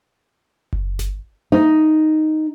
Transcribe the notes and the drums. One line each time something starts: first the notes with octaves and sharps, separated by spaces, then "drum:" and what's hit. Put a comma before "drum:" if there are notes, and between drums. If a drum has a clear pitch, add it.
drum: kick F#1
drum: snare G1
D#4